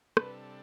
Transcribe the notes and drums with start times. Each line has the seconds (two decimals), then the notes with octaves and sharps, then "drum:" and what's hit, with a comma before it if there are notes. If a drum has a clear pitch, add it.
0.17 C3 G3 D4 A4 B4, drum: rim click